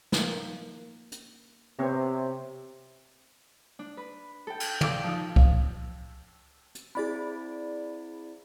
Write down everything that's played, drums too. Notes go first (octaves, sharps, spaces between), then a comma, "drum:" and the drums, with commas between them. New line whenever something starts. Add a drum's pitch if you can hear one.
D#3 A#3, drum: snare
drum: hi-hat
C3 B3 C4 C#5
D4
B4
A4 G5
drum: cymbal
D5 F5 G5 D6 E6, drum: tom
F3 D#4 F4
drum: kick C2
drum: hi-hat
C4 E4 G#4 D5 B5 A6